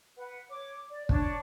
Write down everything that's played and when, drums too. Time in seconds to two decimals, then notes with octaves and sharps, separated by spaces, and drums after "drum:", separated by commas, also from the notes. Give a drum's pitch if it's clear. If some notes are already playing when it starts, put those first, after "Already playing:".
0.18 B4 F#5
0.50 C#5 D6
0.90 D5
1.09 D4 C#5 A5, drum: kick